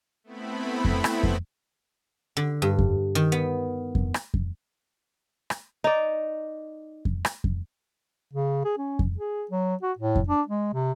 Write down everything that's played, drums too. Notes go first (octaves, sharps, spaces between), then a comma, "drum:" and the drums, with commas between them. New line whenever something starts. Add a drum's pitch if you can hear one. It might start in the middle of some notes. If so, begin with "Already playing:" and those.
A3 B3 C4 E4 B5
drum: kick F2
drum: rim click
drum: kick F2
D3
G2
drum: kick F2
D#3
B3
drum: kick F2
drum: rim click
drum: kick F2
drum: rim click
D#4 D5
drum: kick F2
drum: rim click
drum: kick F2
C#3
G#4
C#4
drum: kick F2
G#4
F#3
F#4
A2
drum: kick F2
D4
G#3
C3